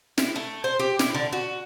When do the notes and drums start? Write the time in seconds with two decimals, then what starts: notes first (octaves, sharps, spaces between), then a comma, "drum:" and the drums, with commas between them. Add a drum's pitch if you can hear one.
0.18 E4, drum: snare
0.36 A3
0.64 C5
0.79 G4
0.99 E4, drum: snare
1.14 D3
1.33 F#4